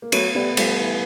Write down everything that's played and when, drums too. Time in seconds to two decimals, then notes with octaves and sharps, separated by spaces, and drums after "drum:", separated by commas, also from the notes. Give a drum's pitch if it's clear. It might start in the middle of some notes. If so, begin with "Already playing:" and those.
0.02 A#3
0.12 F#3 A3 B3, drum: cymbal
0.35 G3 A3 B3
0.57 F3 G3 A3, drum: cymbal
0.80 E3